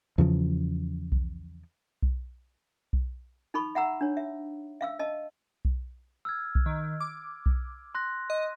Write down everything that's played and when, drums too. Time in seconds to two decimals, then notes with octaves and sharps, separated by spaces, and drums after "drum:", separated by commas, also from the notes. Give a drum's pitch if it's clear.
0.18 E2 C#3 F3
1.12 drum: kick B1
2.03 drum: kick B1
2.93 drum: kick B1
3.54 D#4 A4 B5 C#6
3.75 E5 F#5 A#5 E6
4.01 D4 C#5
4.17 E5
4.81 E5 F5 E6
4.99 D#5 A5 E6
5.65 drum: kick B1
6.25 E6 F6 G#6
6.55 drum: kick B1
6.66 D#3
7.00 D6
7.46 drum: kick B1
7.95 C6 F#6 A#6
8.30 D#5